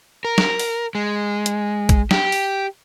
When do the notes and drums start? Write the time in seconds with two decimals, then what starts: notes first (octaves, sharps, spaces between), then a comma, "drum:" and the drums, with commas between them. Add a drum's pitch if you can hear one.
0.25 A#4
0.38 drum: snare
0.59 drum: open hi-hat
0.95 G#3
1.46 drum: hi-hat
1.89 drum: kick, hi-hat
2.11 G4, drum: snare
2.32 drum: open hi-hat